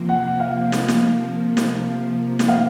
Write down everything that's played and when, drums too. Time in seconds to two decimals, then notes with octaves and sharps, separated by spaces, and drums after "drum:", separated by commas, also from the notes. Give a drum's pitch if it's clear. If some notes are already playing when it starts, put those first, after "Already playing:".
Already playing: C3 F3 A#3
0.09 F#5
0.40 F5
0.72 drum: snare
0.88 drum: snare
1.57 drum: snare
2.39 drum: snare
2.48 F5